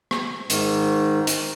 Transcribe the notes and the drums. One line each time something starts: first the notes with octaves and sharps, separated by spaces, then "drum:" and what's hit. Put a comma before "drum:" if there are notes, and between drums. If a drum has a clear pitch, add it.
drum: rim click
G#2 D#3, drum: hi-hat
drum: hi-hat